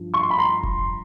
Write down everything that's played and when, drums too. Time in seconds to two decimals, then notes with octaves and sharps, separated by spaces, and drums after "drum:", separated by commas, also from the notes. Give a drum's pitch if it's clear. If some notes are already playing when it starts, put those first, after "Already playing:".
Already playing: G2 F3
0.14 C#6
0.21 C6
0.30 B5
0.38 A#5 C6
0.63 drum: kick F1